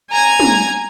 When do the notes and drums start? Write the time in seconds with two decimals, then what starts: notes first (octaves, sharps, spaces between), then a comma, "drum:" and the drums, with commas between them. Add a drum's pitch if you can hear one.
0.11 G#5 A#5 G#6
0.40 drum: tom